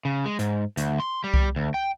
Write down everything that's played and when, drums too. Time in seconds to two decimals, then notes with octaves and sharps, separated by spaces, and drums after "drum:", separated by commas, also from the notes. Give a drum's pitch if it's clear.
0.05 C#3
0.26 G#3
0.39 G#2, drum: hi-hat
0.77 D2, drum: hi-hat
1.00 C6
1.24 G3
1.34 drum: kick C2
1.56 D2
1.74 G5